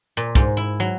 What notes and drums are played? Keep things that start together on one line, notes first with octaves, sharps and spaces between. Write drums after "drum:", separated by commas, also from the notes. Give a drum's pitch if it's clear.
A#2
G#2, drum: kick, hi-hat
E4
F#3